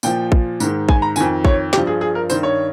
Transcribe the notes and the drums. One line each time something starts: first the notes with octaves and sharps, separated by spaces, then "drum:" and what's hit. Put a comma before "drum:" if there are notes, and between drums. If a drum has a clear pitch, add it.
A#2 F3 G5, drum: tambourine
drum: kick
G#2 D#3, drum: tambourine
G#5, drum: kick
A#5
F2 D#3 G#5, drum: tambourine
C#5, drum: kick
G2 F3 G4, drum: snare
G#4
G#4
A#4
G2 D#3 C5, drum: tambourine
C#5